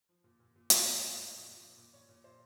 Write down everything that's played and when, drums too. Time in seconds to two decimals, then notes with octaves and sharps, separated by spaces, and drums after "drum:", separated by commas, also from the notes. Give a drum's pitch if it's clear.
0.09 F3
0.24 A#2
0.40 A#2
0.56 A#2
0.70 A#2 F5, drum: hi-hat
0.82 F3 D#5
0.92 C#5
1.02 A#2 D#5
1.16 A#2
1.32 F3
1.47 A#2
1.63 F3
1.78 A#2
1.93 A#2 C#5
2.09 A#2
2.24 F3 C5